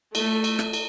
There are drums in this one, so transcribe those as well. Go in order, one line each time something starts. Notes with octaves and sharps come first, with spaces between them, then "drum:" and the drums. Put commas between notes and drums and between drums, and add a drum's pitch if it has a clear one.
A3, drum: cymbal
drum: cymbal
drum: rim click
drum: cymbal